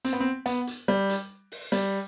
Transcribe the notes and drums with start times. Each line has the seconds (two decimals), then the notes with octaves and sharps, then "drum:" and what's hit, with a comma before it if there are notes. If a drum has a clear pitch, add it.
0.05 C4, drum: hi-hat
0.13 B3
0.20 C4
0.46 B3, drum: hi-hat
0.67 drum: hi-hat
0.88 G3
1.09 drum: hi-hat
1.52 drum: open hi-hat
1.72 G3, drum: hi-hat